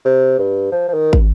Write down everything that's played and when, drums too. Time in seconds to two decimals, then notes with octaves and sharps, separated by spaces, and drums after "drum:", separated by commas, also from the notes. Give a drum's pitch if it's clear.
0.05 C3
0.39 G2
0.72 F3
0.88 F3
0.94 D#3
1.13 drum: kick